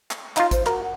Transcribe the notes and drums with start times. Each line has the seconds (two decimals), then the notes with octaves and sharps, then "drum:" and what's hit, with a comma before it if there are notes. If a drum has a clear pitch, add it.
0.11 drum: clap
0.37 D#4 F4 F5, drum: clap
0.51 C5, drum: kick, hi-hat
0.66 F#4 A#4, drum: clap
0.83 F#5